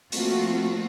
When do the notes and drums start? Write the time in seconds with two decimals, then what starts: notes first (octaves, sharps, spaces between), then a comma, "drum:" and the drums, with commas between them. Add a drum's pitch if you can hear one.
0.12 F3 A3 A#3 C4 F4 F#4, drum: open hi-hat